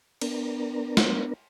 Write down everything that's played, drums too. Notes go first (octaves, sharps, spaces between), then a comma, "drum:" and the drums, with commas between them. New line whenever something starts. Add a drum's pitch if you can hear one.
B3 D4 A#4, drum: cymbal
drum: snare